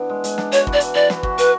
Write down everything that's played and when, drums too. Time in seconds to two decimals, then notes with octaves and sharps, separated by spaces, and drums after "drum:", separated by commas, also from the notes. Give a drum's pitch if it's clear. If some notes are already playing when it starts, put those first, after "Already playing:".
Already playing: E3 B3 D4
0.09 G#3
0.24 G#3, drum: hi-hat
0.38 D4, drum: snare
0.52 F#4 C#5, drum: hi-hat
0.67 E3, drum: kick
0.73 D5
0.80 E3, drum: hi-hat
0.95 E3 D5
1.10 E3, drum: snare
1.23 F#4, drum: kick
1.38 F#4 B4, drum: hi-hat